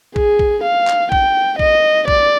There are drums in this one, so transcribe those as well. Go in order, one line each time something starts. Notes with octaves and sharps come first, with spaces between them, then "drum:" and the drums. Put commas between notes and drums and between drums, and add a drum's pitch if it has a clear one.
G#4, drum: kick A#1
drum: kick A#1
F5
drum: clap
G5, drum: kick A#1
D#5, drum: kick A#1
D5, drum: kick A#1